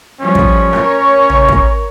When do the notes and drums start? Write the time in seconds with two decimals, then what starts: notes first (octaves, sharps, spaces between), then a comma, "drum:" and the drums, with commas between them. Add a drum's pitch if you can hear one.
0.21 F3 G3 C#4
0.35 drum: kick
0.73 A#4 C#5, drum: rim click
1.30 drum: tom
1.48 drum: kick